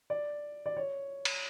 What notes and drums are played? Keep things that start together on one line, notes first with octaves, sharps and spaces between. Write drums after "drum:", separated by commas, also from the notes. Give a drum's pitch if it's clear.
D5
D5
C#5
drum: cymbal